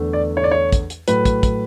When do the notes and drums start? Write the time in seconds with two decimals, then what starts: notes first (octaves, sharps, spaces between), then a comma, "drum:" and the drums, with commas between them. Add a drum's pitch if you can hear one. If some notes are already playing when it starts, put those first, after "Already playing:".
Already playing: E2 D3 A3
0.13 D5
0.37 C#5
0.44 D5
0.51 C#5
0.72 drum: kick, hi-hat
0.90 drum: hi-hat
1.08 A2 F#3 A3 B4, drum: hi-hat
1.25 drum: kick, hi-hat
1.43 drum: kick, hi-hat